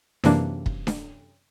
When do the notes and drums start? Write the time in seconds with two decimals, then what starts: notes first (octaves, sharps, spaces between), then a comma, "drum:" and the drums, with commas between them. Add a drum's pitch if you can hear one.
0.24 F#2 C3 E3 A#3 D4, drum: snare D4
0.66 drum: kick
0.87 drum: snare D4